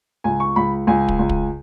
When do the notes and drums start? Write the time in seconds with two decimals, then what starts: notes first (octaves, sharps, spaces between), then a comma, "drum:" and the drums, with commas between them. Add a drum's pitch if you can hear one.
0.24 C#2 G#5
0.40 C#6
0.56 C#2 B5
0.87 C#2 G#5
1.08 drum: kick
1.19 C#2
1.29 drum: kick